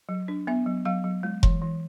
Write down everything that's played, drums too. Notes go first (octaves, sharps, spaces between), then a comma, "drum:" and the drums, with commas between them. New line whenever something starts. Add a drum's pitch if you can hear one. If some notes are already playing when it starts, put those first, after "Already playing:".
F#3
D4
B3 E5
F#3
F#3 F5
F#3
G#3
E3, drum: kick F1
E3